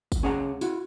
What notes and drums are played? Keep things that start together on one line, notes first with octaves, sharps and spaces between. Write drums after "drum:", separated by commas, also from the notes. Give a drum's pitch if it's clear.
drum: kick, tambourine
C#2 C#4 G#4 C#5 F#5 A#5
E4 F#4, drum: tambourine